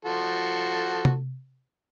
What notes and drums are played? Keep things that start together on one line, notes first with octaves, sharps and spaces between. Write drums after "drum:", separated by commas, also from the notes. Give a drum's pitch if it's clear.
F3 F#4 A4
drum: tom C3